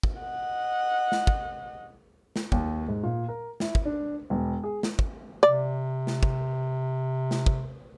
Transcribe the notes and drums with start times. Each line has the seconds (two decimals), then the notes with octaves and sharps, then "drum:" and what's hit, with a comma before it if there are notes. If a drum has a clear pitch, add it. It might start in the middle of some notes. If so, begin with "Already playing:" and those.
0.03 drum: kick
0.21 D#5 F#5
1.12 drum: snare
1.27 drum: kick
2.36 drum: snare
2.52 D#2, drum: kick
2.88 G#2
3.03 A#2
3.29 A#4
3.60 E4, drum: snare
3.75 drum: kick
3.85 D4
4.30 E1
4.64 G#4
4.83 drum: snare
4.99 drum: kick
5.43 C3 D5
6.07 drum: snare
6.23 drum: kick
7.31 drum: snare
7.46 drum: kick